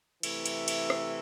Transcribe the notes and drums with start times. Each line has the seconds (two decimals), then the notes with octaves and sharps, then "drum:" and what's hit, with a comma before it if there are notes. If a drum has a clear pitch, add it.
0.23 C3 E3 A3 E4, drum: cymbal
0.46 drum: cymbal
0.68 drum: cymbal
0.90 drum: rim click